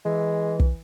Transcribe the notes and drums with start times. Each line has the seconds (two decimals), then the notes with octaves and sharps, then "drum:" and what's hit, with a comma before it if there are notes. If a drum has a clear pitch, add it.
0.05 E3 G#3
0.60 drum: kick